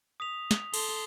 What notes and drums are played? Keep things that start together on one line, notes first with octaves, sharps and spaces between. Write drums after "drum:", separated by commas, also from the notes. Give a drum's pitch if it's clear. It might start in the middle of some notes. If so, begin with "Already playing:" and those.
D#6 B6 F7
drum: snare
A4 C6, drum: cymbal